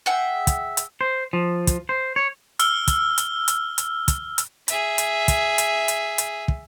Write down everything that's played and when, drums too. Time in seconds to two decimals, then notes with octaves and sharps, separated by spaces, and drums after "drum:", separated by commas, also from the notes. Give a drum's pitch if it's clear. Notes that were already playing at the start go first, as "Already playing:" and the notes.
0.06 G#4 E5 F#5 G5
0.47 drum: kick, hi-hat
0.77 drum: hi-hat
1.01 C5
1.33 F3
1.67 drum: kick, hi-hat
1.89 C5
2.16 C#5
2.59 E6 F6 G7, drum: hi-hat
2.88 drum: kick, hi-hat
3.18 drum: hi-hat
3.48 drum: hi-hat
3.78 drum: hi-hat
4.08 drum: kick, hi-hat
4.38 drum: hi-hat
4.68 G#4 E5, drum: hi-hat
4.98 drum: hi-hat
5.28 drum: kick, hi-hat
5.58 drum: hi-hat
5.88 drum: hi-hat
6.18 drum: hi-hat
6.48 drum: kick